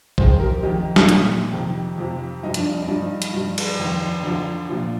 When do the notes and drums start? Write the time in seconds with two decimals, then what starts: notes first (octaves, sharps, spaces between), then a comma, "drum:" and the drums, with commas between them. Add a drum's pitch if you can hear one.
0.18 F2 D#3 G#4 C5, drum: kick
0.40 G4 A#4
0.62 F2 D#3 D#4 G4
0.96 drum: snare
1.09 A#2 F3, drum: hi-hat
1.52 F2 C3 D#3
1.98 F2 C3 F3
2.43 G2 F3 D#4
2.54 D4, drum: hi-hat
2.66 D#4
2.72 D4
2.77 D#4
2.84 D4
2.88 G2 F3 D#4
3.22 drum: hi-hat
3.33 G2 F3
3.58 drum: cymbal
3.79 F2 D#3
4.01 D#4
4.23 F2 D3 F3 D4
4.69 A#2 F3